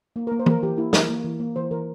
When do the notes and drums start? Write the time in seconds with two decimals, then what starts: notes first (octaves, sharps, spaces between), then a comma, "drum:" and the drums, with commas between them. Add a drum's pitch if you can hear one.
0.16 A#3
0.27 A#4
0.32 A#3
0.39 C5
0.46 A#3 A#4, drum: tom
0.63 E3 G4
0.78 A#3 E4
0.93 E3 A#4, drum: snare
1.09 A#3
1.24 E3
1.40 A#3
1.56 E3 C5
1.71 E3 A#4